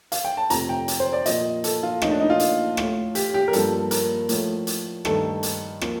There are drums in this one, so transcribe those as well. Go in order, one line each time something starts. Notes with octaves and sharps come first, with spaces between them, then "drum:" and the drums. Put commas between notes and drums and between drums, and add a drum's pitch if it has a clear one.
F5, drum: hi-hat
G5
A5
F2 C3 F3 A3 A#5, drum: hi-hat
G5
drum: hi-hat
C5
D5
A#2 F3 A#3 D#5, drum: hi-hat
A4, drum: hi-hat
F4
A2 F3 A#3 D#4, drum: rim click
D4
D#4
F4
drum: hi-hat
A2 A3, drum: rim click
G4, drum: hi-hat
G4
A#4
G2 F3 A#3 A4, drum: hi-hat
A#4, drum: hi-hat
A2 F3 A3, drum: hi-hat
drum: hi-hat
G2 D#3 A3 A4, drum: rim click
drum: hi-hat
F3 A#3, drum: rim click